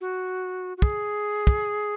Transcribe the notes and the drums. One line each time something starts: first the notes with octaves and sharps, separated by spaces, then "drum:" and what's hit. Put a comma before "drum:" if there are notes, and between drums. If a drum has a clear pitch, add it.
F#4
F#4
G#4, drum: kick
drum: kick